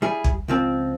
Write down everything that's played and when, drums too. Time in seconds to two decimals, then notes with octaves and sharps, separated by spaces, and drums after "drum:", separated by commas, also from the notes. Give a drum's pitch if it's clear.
0.02 G3 E4 G#4
0.24 drum: kick
0.48 C#2 F3 C4